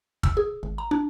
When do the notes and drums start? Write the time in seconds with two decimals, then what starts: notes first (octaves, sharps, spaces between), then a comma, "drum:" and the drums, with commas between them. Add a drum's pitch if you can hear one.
0.23 E6, drum: kick
0.37 G#4
0.63 G#1
0.78 A#5
0.91 D4